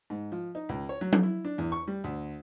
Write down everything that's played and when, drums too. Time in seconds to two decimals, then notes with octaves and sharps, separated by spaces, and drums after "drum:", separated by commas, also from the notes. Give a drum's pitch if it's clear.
0.10 G#2
0.32 F3
0.55 D#4
0.69 C#2
0.89 C#5
1.01 F#3
1.13 drum: tom F#3
1.23 E4
1.45 D4
1.58 E2
1.72 C#6
1.88 G3
2.04 D2